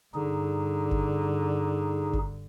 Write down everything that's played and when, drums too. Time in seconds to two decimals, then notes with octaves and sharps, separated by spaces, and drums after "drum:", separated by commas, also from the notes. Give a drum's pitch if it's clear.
0.15 G2 D3 D#4 G#4
0.91 drum: kick G1
2.13 drum: kick G1